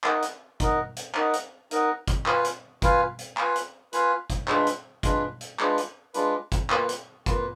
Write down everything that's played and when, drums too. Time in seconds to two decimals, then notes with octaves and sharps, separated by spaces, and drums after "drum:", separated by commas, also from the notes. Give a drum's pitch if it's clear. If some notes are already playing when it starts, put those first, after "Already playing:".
0.04 D#4 A#4 D#5 F#5, drum: clap
0.22 drum: hi-hat
0.60 D#4 A#4 D#5 F#5, drum: kick, hi-hat
0.96 drum: hi-hat
1.14 D#4 A#4 D#5 F#5, drum: clap
1.33 drum: hi-hat
1.71 D#4 A#4 D#5 F#5, drum: hi-hat
2.08 drum: kick, hi-hat
2.26 F4 B4 F5 G#5, drum: clap
2.45 drum: hi-hat
2.82 F4 B4 F5 G#5, drum: kick, hi-hat
3.19 drum: hi-hat
3.37 F4 B4 F5 G#5, drum: clap
3.56 drum: hi-hat
3.93 F4 B4 F5 G#5, drum: hi-hat
4.30 drum: kick, hi-hat
4.48 G#3 D4 F4 B4, drum: clap
4.67 drum: hi-hat
5.03 G#3 D4 F4 B4, drum: kick, hi-hat
5.41 drum: hi-hat
5.59 G#3 D4 F4 B4, drum: clap
5.78 drum: hi-hat
6.14 G#3 D4 F4 B4, drum: hi-hat
6.52 drum: kick, hi-hat
6.70 A#3 F4 B4, drum: clap
6.89 drum: hi-hat
7.26 A#3 F4 B4, drum: kick, hi-hat